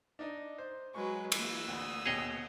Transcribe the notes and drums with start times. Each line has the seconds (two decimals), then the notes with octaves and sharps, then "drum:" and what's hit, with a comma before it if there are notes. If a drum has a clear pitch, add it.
0.19 D4 D#4 D#5
0.58 C5
0.94 F#3 G#3 B4 C#6
1.32 E3 A#3 E6, drum: cymbal
1.68 D2 A#3 D#6
2.06 D#2 B2 G#4 C#5 D#5